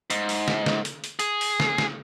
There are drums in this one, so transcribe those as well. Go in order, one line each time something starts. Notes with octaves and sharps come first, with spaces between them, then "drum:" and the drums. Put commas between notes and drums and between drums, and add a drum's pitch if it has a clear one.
G#2, drum: hi-hat
drum: open hi-hat
drum: snare
drum: snare
drum: hi-hat
drum: hi-hat
G#4, drum: hi-hat
drum: open hi-hat
drum: snare
drum: snare